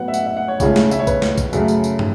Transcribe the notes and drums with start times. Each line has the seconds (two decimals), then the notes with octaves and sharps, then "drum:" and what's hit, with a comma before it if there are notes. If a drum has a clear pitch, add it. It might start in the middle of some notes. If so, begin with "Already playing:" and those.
Already playing: A2 F#3 B3 F#5
0.08 E5
0.14 F#5, drum: tambourine
0.26 E5
0.37 F#5
0.48 C#5
0.60 C#2 C#3 A3 C#5, drum: kick, tambourine
0.76 drum: snare
0.91 E5, drum: tambourine
0.99 C#5
1.07 B4, drum: kick, tambourine
1.22 drum: snare
1.38 drum: kick, tambourine
1.53 F#2 C#3 A3, drum: tambourine
1.68 drum: tambourine
1.84 drum: tambourine
1.99 drum: tom